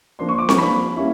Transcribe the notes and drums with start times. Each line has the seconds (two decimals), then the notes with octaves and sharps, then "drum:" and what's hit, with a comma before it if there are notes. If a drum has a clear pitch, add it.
0.19 F3 A#3 D4 C6
0.29 C#6
0.38 D6
0.49 C#6, drum: snare C4
0.57 F3 A#3 D4 B5
0.96 G3 A#3 C#4 E4